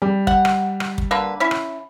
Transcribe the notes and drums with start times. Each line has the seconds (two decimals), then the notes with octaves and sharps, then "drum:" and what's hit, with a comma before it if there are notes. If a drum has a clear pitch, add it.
0.02 G3
0.27 F#5, drum: kick
0.45 drum: rim click
0.80 drum: rim click
0.98 drum: kick
1.11 D3 A#3 B4
1.40 C#4 E4
1.51 drum: rim click